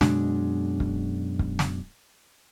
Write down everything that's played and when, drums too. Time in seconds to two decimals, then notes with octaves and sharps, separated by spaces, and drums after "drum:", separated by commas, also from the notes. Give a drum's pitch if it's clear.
0.01 F#2 B2 G#3 D4, drum: snare
0.80 drum: kick
1.39 drum: kick
1.59 drum: snare